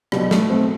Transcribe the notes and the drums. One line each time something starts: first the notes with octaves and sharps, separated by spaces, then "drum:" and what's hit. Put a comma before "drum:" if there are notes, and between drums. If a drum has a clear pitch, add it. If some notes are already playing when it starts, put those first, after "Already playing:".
B1 B2 G3, drum: rim click
A3, drum: snare
A3 C4